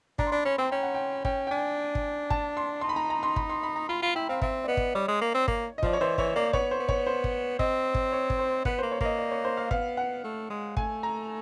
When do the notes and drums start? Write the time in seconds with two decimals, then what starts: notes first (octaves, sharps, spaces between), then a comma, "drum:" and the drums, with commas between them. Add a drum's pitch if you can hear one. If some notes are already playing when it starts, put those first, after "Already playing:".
0.19 D4 A#5, drum: kick
0.27 C6
0.32 D4 B5
0.45 C#4 B5
0.58 C4 G5
0.72 C#4 G5
0.83 F#5
0.94 G5
1.25 C#4 G5, drum: kick
1.47 G5
1.51 D4 G#5
1.95 drum: kick
2.30 A5, drum: kick
2.57 C6
2.81 D#4 C6
2.89 B5
2.96 A#5
3.10 A#5
3.23 C6
3.36 B5, drum: kick
3.50 C6
3.63 B5
3.76 A#5
3.89 F4 B5
4.02 F4 B5
4.15 E4 G5
4.29 C4 F5
4.42 C4 E5, drum: kick
4.64 D5
4.68 B3 D#5
4.77 drum: kick
4.95 G3 C#5
5.08 G#3
5.21 A#3
5.35 C4
5.48 A#3, drum: kick
5.78 D#5
5.83 F3 D5, drum: kick
5.93 C#5
6.00 E3 C5
6.18 E3 C#5, drum: kick
6.36 A#3 D5
6.53 B3 C#5, drum: kick
6.71 C5
6.80 B3
6.89 C#5, drum: kick
7.07 C5
7.24 drum: kick
7.59 C4 D#5, drum: kick
7.95 drum: kick
8.12 C#5
8.30 drum: kick
8.39 C5
8.65 B3 B4, drum: kick
8.79 A#3 C5
8.91 C#5
9.01 A#3 D#5, drum: kick
9.18 D5
9.31 C#5
9.44 C5
9.57 F5
9.71 B3 F5, drum: kick
9.97 F#5
10.24 A3
10.50 G#3
10.77 A3 G#5, drum: kick
11.03 A#5